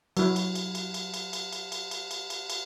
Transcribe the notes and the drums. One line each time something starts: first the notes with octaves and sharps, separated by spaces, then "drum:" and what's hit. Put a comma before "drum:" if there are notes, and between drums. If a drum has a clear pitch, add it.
F#3 E4, drum: cymbal
drum: cymbal
drum: cymbal
drum: cymbal
drum: cymbal
drum: cymbal
drum: cymbal
drum: cymbal
drum: cymbal
drum: cymbal
drum: cymbal
drum: cymbal
drum: cymbal